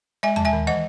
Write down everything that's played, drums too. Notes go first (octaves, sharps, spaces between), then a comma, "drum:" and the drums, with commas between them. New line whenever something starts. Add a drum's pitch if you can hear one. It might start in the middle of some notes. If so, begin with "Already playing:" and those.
G#3 E5 G#5
G#3 A5, drum: tom D#2
E5 G#5
D#3
E3 D#5 F#5